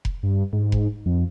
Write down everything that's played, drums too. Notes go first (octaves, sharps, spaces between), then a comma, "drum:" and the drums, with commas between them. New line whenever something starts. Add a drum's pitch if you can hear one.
drum: kick F1
G2
G#2
drum: kick F1
F2